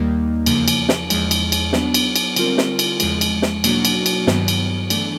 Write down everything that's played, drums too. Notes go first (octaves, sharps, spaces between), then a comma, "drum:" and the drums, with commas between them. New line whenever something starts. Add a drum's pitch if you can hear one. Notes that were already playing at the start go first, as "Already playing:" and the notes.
Already playing: D#2 D#3 G3 A#3 D#4
E2 C#3 F3 A#3, drum: cymbal
drum: cymbal
drum: snare
E2 C#3 F3 G#3, drum: cymbal
drum: cymbal
drum: cymbal
F#3 B3 D4, drum: snare
drum: cymbal
drum: cymbal
D3 G3 C4 F4 A#4, drum: cymbal
drum: snare
drum: cymbal
E2 C#3 F3 G#3, drum: cymbal
drum: cymbal
drum: snare
B2 F#3 A#3 D4 F#4, drum: cymbal
drum: cymbal
drum: cymbal
G2 D#3 F#3 B3, drum: snare
drum: cymbal
E3 A3 D4, drum: cymbal